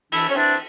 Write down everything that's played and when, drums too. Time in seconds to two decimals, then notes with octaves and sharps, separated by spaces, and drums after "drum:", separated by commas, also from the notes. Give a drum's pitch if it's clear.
0.12 E3 D4 E4, drum: cymbal
0.29 C#4
0.35 E3 C4 D4